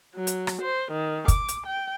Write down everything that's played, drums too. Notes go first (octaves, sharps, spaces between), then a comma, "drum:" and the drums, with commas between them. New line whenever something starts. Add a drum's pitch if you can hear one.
F#3
drum: hi-hat
drum: rim click
C5
D#3
D6, drum: kick, hi-hat
drum: hi-hat
G5